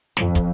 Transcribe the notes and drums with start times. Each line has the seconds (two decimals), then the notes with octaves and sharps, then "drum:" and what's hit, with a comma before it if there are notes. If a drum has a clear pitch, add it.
0.17 F2, drum: snare
0.35 drum: kick, hi-hat